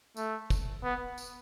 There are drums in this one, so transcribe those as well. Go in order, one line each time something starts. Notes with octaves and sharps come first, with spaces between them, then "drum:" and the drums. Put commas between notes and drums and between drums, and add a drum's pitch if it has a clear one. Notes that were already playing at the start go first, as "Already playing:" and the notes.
A3, drum: tambourine
drum: kick, tambourine
B3
drum: tambourine